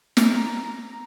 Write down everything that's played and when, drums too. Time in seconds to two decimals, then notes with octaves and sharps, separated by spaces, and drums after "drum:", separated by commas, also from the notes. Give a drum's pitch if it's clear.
0.17 A#5, drum: snare